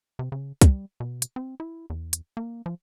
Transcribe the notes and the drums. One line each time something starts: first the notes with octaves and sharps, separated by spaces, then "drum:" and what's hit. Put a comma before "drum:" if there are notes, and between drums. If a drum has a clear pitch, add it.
C3
C#3
G3, drum: kick, hi-hat
B2
drum: hi-hat
C4
E4
E2
drum: hi-hat
A#3
F3